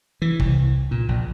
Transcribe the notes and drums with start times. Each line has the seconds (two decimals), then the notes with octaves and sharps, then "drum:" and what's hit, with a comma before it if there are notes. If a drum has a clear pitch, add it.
0.22 E3
0.40 C2, drum: kick G1
0.91 A#2
1.08 A#1